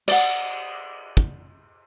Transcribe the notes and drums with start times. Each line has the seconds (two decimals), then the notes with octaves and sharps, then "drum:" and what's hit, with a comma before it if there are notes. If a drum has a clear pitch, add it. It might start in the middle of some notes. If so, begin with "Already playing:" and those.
0.08 D5 F#5, drum: cymbal
1.17 drum: kick